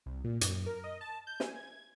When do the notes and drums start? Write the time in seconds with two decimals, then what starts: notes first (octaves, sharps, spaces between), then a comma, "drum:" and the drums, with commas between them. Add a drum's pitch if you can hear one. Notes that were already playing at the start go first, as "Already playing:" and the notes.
0.06 C2
0.24 A#2
0.41 F#2, drum: hi-hat
0.66 A#4
0.84 D#5
1.01 A5
1.27 G6
1.40 G#5, drum: snare
1.56 G#6